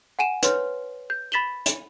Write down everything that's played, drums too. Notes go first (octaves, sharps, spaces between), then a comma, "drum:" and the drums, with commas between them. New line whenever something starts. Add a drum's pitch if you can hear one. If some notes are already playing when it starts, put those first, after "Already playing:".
F#5 G#5 D#7 E7
B4 C#5 C6 F6, drum: hi-hat
G6
B5 A6 B6 E7 F#7 G7
drum: hi-hat